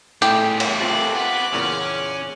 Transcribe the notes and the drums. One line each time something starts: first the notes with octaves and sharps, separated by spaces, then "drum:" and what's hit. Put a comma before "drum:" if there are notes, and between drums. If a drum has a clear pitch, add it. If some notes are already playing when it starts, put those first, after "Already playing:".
A2 A3 G4 G#4, drum: hi-hat
drum: cymbal
C4 F4 D6 F#6
B3
E2 A#2 C#3 C#4